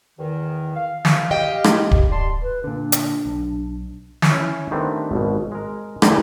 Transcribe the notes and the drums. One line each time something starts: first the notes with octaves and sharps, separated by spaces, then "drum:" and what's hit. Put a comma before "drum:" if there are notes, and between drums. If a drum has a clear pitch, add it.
E2 D#3
F5
drum: snare
G4 D#5 G5
drum: rim click
drum: kick D1
G3 A5 C6
B4
A#2 D3 D4
drum: hi-hat
B1
drum: snare
C#4 E4 E5
D#3 G3 A3 B3 C4 D4
G#1 B2
G#3 A#4
D3 E3 G3 A#3 E4, drum: rim click